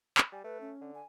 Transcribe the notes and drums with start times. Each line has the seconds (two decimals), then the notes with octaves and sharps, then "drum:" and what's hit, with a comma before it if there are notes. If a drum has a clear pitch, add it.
0.18 drum: clap
0.32 G3 G#5
0.44 A3 B4
0.61 C#4
0.81 D3
0.95 G#5